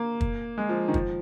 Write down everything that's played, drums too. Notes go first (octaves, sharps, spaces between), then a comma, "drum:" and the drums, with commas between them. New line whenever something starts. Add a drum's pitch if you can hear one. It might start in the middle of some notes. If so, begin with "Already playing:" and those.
Already playing: A#3
drum: kick
G#3
F3
D#3
F3, drum: kick